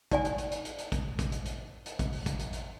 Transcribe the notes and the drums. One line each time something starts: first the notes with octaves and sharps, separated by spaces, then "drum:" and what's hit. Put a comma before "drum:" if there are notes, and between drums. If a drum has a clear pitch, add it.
D#4 D5 G#5, drum: kick, hi-hat
drum: hi-hat
drum: hi-hat
drum: hi-hat
drum: hi-hat
drum: hi-hat
drum: kick, hi-hat
drum: kick, hi-hat
drum: hi-hat
drum: hi-hat
drum: hi-hat
drum: kick, hi-hat
drum: open hi-hat
drum: kick, hi-hat
drum: hi-hat
drum: hi-hat